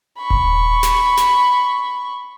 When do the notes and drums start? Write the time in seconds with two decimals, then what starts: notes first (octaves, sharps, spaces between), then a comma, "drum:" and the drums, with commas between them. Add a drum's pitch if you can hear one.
0.18 B5 C#6
0.30 drum: kick D#1
0.83 drum: snare
1.18 drum: snare